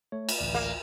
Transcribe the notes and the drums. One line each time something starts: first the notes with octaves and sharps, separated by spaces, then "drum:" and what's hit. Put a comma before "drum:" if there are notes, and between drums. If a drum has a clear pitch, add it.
A3 C#5
drum: cymbal
A1 D2 D5
A#3